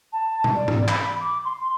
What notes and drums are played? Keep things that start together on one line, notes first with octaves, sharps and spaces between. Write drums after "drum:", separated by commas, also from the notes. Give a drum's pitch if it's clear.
A5
drum: tom B2
D5
drum: tom G#2
B5, drum: clap
D6
C6